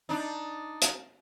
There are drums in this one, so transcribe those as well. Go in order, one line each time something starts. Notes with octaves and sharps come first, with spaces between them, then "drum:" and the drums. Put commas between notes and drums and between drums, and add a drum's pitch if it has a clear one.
D4 D#4
drum: hi-hat